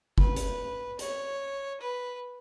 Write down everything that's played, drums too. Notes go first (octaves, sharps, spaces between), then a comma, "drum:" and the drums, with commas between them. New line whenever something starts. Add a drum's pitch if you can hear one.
B4, drum: kick F#1
drum: hi-hat
C#5, drum: hi-hat
B4